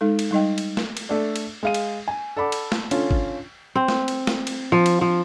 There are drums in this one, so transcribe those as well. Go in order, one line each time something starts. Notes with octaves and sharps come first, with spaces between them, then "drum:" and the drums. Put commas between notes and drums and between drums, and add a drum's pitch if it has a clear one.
G#3 D#4 A4
drum: cymbal
G3 D#4 D#5 G5
drum: cymbal
drum: snare
drum: cymbal
A3 D4 A4 D5
drum: cymbal
G#3 F5 D#7
drum: cymbal
G#5
A4 D5 F#5 B5 D6
drum: cymbal
drum: snare
D3 C#4 F4 A4, drum: cymbal
drum: kick
C4
drum: snare
drum: cymbal
drum: snare
drum: cymbal
F3
drum: cymbal
F3